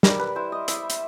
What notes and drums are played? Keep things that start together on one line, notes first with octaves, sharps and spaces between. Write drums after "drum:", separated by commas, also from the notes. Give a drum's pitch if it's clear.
G3 A#4, drum: snare
B4
E4 C5
D#5
E4 E5, drum: hi-hat
drum: hi-hat